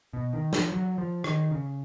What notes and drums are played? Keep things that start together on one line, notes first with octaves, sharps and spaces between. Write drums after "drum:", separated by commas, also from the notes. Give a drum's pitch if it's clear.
B2
D#3
F3, drum: snare
F#3
F3
D#3, drum: rim click
C#3